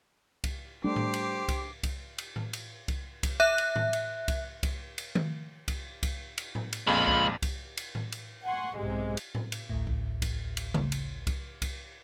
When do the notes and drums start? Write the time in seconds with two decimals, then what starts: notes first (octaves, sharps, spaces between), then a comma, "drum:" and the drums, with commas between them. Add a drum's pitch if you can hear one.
0.44 drum: kick C2, cymbal
0.84 G3 A3 D4 G4 C5 D6 C7
0.96 drum: tom A2
1.14 drum: cymbal
1.48 drum: kick C2, cymbal
1.83 drum: kick C2, cymbal
2.18 drum: cymbal
2.36 drum: tom A2
2.53 drum: cymbal
2.88 drum: kick C2, cymbal
3.23 drum: kick C2, cymbal
3.40 E5 F#6
3.58 drum: cymbal
3.76 drum: tom A2
3.93 drum: cymbal
4.28 drum: kick C2, cymbal
4.63 drum: kick C2, cymbal
4.98 drum: cymbal
5.15 drum: tom D#3
5.68 drum: kick C2, cymbal
6.03 drum: kick C2, cymbal
6.38 drum: cymbal
6.55 drum: tom A2
6.73 drum: cymbal
6.88 A#1 F2 A#2 G#3 F4 B5
7.08 drum: kick C2
7.42 drum: kick C2, cymbal
7.77 drum: cymbal
7.95 drum: tom A2
8.12 drum: cymbal
8.44 F#5 G#5 C6 C#6
8.76 B1 G#2 C3 G#3
9.17 drum: cymbal
9.35 drum: tom A2
9.52 drum: cymbal
9.70 A1 D2 A2
9.87 drum: kick C2
10.22 drum: kick C2, cymbal
10.57 drum: cymbal
10.74 drum: tom C#3
10.92 drum: cymbal
11.27 drum: kick C2, cymbal
11.62 drum: kick C2, cymbal